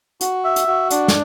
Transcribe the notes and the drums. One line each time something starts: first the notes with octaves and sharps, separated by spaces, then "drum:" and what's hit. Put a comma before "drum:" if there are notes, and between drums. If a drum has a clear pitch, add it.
F#4, drum: hi-hat
E5
drum: hi-hat
F#4
D4, drum: hi-hat
drum: snare